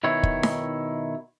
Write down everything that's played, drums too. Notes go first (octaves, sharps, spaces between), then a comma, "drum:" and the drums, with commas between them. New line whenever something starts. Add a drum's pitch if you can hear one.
B2 D#3 E4 C#5
drum: kick
drum: snare D#4